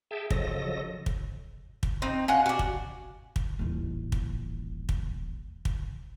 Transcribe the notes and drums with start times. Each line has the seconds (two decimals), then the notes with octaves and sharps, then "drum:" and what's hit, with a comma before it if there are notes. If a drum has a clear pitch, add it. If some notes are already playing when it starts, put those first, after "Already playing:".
0.11 G#4 E5 G5 A5
0.30 C#3 F3 F#3 A4 D#5 A#6, drum: kick
1.06 drum: kick
1.83 drum: kick
2.02 C4 D#4
2.28 C#4 F4 F#5
2.46 D4 F#4
2.59 drum: kick
3.36 drum: kick
3.59 D#1 A1
4.12 drum: kick
4.89 drum: kick
5.65 drum: kick